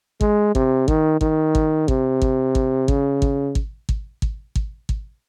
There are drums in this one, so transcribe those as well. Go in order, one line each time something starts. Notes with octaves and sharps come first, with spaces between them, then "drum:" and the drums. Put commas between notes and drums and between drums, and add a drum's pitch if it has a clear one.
G#3, drum: kick
C3, drum: kick
D#3, drum: kick
D#3, drum: kick
drum: kick
C3, drum: kick
drum: kick
drum: kick
C#3, drum: kick
drum: kick
drum: kick
drum: kick
drum: kick
drum: kick
drum: kick